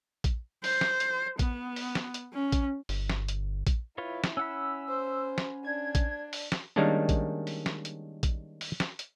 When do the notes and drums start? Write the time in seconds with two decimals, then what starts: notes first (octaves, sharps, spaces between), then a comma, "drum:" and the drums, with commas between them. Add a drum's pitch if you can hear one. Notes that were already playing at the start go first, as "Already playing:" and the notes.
0.24 drum: kick A#1, hi-hat
0.64 C5, drum: open hi-hat
0.81 drum: snare
1.00 drum: hi-hat
1.39 B3, drum: kick A#1, hi-hat
1.76 drum: open hi-hat
1.95 drum: snare
2.14 drum: hi-hat
2.33 C#4
2.52 drum: kick A#1, hi-hat
2.89 G1, drum: open hi-hat
3.09 drum: snare
3.28 drum: hi-hat
3.67 drum: kick A#1, hi-hat
3.98 E4 F4 B4 C#5
4.24 drum: snare
4.37 C#4 F#5 B5 E6
4.88 C5
5.38 drum: snare
5.65 D4 G#6
5.95 drum: kick A#1, hi-hat
6.33 drum: open hi-hat
6.52 drum: snare
6.76 D#3 G3 G#3 A#3 C#4 D4
7.09 drum: kick A#1, hi-hat
7.47 drum: open hi-hat
7.66 drum: snare
7.85 drum: hi-hat
8.23 drum: kick A#1, hi-hat
8.61 drum: open hi-hat
8.80 drum: snare
8.99 drum: hi-hat